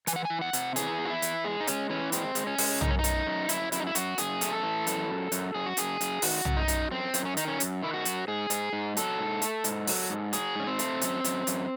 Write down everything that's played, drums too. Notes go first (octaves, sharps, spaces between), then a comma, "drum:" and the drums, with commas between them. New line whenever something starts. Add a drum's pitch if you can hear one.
E3 G#5, drum: hi-hat
F#5
E3 G#5
F#5
C3, drum: hi-hat
E3 G#4, drum: hi-hat
E2
F#4
E4
E3, drum: hi-hat
G#3 G#4
D#4
G#3 C#4, drum: hi-hat
E3 C#4
G#3 C4, drum: hi-hat
G#3, drum: hi-hat
C#4
G#3, drum: open hi-hat
F#2 D#4, drum: tom
C#4
D#4
F#2, drum: hi-hat
F#2
F#2 E4, drum: hi-hat
F#2 E4, drum: hi-hat
D#4
E4
F#2 F#4, drum: hi-hat
F#2 G#4, drum: hi-hat
A3, drum: hi-hat
A4
E3
F#2, drum: hi-hat
F#2
F#2, drum: hi-hat
F#2 G#4
F#4
F#2 G#4, drum: hi-hat
F#2, drum: hi-hat
D#3 F#4, drum: open hi-hat
F#2, drum: tom
D#4
F#2, drum: hi-hat
F#2 C4
F#2, drum: hi-hat
C#4
D#3 D#4, drum: hi-hat
C#4
F#2, drum: hi-hat
D#3 E4
F#4
F#2, drum: hi-hat
G#2 G#4
G#2, drum: hi-hat
G#2
F#3 A4, drum: hi-hat
G#2
A3, drum: hi-hat
G#2, drum: hi-hat
F#3, drum: open hi-hat
G#2
F#3 G#4, drum: hi-hat
G#2 C#4
C4
A3, drum: hi-hat
F#2, drum: hi-hat
F#2, drum: hi-hat
F#2, drum: hi-hat